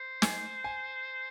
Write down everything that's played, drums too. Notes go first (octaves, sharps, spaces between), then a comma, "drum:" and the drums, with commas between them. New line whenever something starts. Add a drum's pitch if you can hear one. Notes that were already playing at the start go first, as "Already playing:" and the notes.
Already playing: C5
G#5, drum: snare
G#5